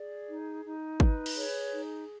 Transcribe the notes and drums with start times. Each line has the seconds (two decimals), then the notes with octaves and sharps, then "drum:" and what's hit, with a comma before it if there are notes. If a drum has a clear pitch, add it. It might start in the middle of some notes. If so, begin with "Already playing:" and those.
Already playing: G#4 D5
0.28 D#4
0.64 D#4
1.00 B4, drum: kick
1.26 drum: cymbal
1.37 G#4 C#5
1.73 D#4